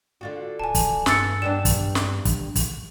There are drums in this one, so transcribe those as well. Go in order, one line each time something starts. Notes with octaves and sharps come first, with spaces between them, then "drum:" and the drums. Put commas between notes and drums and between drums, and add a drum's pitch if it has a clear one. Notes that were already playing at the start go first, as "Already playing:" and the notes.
D3 F4 F#4
D1 G#5 A5
drum: kick, open hi-hat
G2 E3 E6 A6 C#7, drum: snare
G3 B3 D4 E7
drum: kick, open hi-hat
drum: snare
drum: kick, hi-hat
drum: kick, open hi-hat